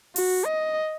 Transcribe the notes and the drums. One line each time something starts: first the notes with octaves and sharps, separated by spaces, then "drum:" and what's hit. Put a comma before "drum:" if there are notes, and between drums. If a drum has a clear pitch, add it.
F#4, drum: open hi-hat
D#5